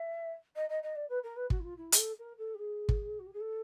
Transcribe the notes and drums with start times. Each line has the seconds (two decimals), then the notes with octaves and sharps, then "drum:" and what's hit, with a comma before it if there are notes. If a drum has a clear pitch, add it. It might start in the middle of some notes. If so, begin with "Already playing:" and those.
Already playing: E5
0.56 D#5
0.69 D#5
0.83 D#5
0.96 D5
1.09 B4
1.23 A#4
1.36 B4
1.50 F#4, drum: kick
1.60 E4
1.64 F4
1.77 E4
1.92 G#4, drum: hi-hat
1.98 A4
2.19 A#4
2.38 A4
2.55 G4
2.59 G#4
2.89 drum: kick
3.19 F#4
3.26 G4
3.33 G#4
3.40 A4